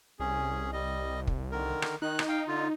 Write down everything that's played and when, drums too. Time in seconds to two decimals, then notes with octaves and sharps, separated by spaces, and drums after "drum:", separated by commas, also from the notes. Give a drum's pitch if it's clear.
0.20 C2 C#4 G#4
0.73 G3 D#5
1.27 drum: kick
1.52 D3 D#3 A#4
1.82 drum: rim click
2.02 D#3 D#4 F#6
2.19 drum: rim click
2.28 F5 G5
2.47 D3 F4